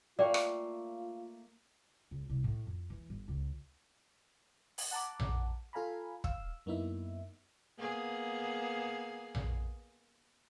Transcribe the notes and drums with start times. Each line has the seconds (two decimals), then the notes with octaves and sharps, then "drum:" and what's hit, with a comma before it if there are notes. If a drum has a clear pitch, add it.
0.19 A3 A#3 F4 D5 G5
0.34 drum: rim click
2.11 C#2
2.29 C2
2.44 A2
2.67 F2
2.90 E3
3.10 G1
3.28 C#2
4.78 drum: open hi-hat
4.91 F#5 A5 A#5 D6
5.20 drum: tom A#1
5.73 F4 A4 F5 G#5 A#5 B5
6.24 F5 E6, drum: kick
6.66 F#2 A#3 B3 D#4 E4 E5
7.77 A#3 B3 G#4
9.35 drum: tom A#1